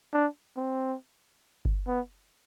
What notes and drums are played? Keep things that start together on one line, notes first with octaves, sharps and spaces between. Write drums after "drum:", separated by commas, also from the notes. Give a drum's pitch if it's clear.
D4
C4
drum: kick G1
B3